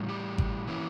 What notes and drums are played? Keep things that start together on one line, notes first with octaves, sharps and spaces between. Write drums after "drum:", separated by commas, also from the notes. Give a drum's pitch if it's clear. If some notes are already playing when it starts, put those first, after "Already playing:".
Already playing: A2 E3 G3
G4
drum: kick G#1
E3 A#3 C#4 E4